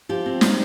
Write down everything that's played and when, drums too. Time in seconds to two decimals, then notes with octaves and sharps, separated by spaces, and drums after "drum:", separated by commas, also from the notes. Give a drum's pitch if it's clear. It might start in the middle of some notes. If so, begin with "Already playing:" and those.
0.09 F3 G4
0.26 C4
0.41 D#4, drum: snare